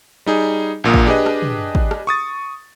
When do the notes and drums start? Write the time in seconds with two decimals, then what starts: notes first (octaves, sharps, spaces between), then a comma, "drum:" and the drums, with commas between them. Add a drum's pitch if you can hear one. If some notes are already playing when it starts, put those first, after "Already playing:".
0.26 G3 D#4 G#4
0.84 A#1 A#2 A#3 D#6
0.94 drum: kick
1.06 D4 G4 G#4 B4 D#5
1.26 drum: rim click
1.42 drum: tom
1.75 drum: kick
1.91 drum: rim click
2.07 C#6 D#6 A6